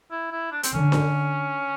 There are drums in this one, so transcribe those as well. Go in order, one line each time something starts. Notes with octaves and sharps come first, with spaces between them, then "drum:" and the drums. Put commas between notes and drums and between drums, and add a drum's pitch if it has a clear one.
E4
E4
D4
C4, drum: hi-hat
D3 C#4
drum: snare D4